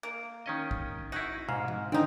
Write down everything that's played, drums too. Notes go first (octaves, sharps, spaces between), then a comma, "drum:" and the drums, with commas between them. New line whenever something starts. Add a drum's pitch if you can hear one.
A#3
D#3 C#4 D#5
drum: kick A#1
D#4 E4 F#4
G#2 F5, drum: tom
drum: tom E3
D3 D#3 C4 D#4